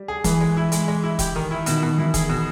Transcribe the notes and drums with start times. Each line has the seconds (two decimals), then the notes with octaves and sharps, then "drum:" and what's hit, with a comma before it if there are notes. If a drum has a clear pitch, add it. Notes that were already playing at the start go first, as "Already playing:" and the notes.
Already playing: G3
0.08 G#4
0.24 E3 G#4, drum: kick E1, hi-hat
0.41 G#3
0.57 E4
0.72 G#3, drum: hi-hat
0.88 G#3
1.04 E4
1.19 G4, drum: kick E1, hi-hat
1.36 D#3
1.51 E4
1.66 B2 D#3, drum: hi-hat
1.82 B2 D#3
1.98 E3 E4
2.14 G#4, drum: kick E1, hi-hat
2.29 B2